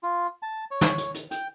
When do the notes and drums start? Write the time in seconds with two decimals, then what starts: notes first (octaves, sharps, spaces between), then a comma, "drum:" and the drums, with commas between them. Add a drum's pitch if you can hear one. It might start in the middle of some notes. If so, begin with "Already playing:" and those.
0.03 F4
0.42 A5
0.71 C#5
0.81 drum: snare
0.98 drum: hi-hat
1.14 drum: hi-hat
1.31 G5, drum: hi-hat